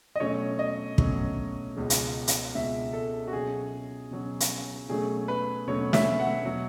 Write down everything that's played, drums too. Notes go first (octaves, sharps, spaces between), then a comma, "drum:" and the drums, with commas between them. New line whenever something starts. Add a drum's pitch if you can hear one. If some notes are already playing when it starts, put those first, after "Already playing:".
D#5
B2 F#3 A3 C#4 C#5
D#5
B2 F#3 A3 C#4, drum: kick
C#2 B2 G#3
drum: hi-hat
drum: hi-hat
C#2 B2 G#3 E5
A4
F#4
B2 F#3 C#4 G#4
B2 F#3 C#4
drum: hi-hat
B2 F#3 A3 C#4 G#4
B4
B2 F#3 A3 C#4 C#5
E5, drum: snare
F#5
B2 F#3